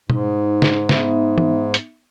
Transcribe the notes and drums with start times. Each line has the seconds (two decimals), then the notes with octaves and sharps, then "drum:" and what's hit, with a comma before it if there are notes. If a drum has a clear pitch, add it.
0.10 G#2 D#4, drum: tom B2
0.62 drum: snare
0.89 B3 D#4 E5, drum: snare
1.38 drum: tom E3
1.74 drum: hi-hat